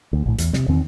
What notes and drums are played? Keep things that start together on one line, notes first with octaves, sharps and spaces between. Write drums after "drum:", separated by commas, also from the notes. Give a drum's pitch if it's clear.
D2
A#1 A2
E2, drum: hi-hat
C3, drum: snare
E2 D#3 C4